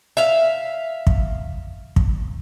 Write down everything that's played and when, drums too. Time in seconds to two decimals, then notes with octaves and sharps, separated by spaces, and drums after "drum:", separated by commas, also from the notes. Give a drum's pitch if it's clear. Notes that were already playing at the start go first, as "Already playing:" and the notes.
0.17 E5 F5
1.07 drum: kick
1.96 drum: kick